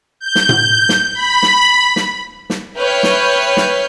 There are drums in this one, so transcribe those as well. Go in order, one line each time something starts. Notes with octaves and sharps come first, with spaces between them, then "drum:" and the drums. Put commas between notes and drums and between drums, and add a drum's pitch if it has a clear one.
G6
drum: snare
drum: tom A2
drum: snare
B5
drum: snare
drum: snare
drum: snare
B4 C#5 E5 G5 F6 G6
drum: snare
drum: snare